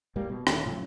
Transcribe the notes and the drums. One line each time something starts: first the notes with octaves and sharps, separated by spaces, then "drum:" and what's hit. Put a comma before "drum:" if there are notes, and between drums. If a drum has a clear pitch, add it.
A2 G3 A#3
B2
D#1 D#2 A#2 A3, drum: rim click
A2 C#3 F3 F#3